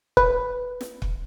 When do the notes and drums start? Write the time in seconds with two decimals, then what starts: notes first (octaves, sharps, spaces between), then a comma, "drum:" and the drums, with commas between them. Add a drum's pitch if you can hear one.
0.17 B4, drum: kick
0.81 drum: snare
1.02 drum: kick